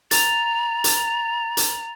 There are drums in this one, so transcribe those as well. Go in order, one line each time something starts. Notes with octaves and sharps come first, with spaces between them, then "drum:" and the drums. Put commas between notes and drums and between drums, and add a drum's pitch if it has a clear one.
A#5 A6 F7, drum: hi-hat
drum: hi-hat
drum: hi-hat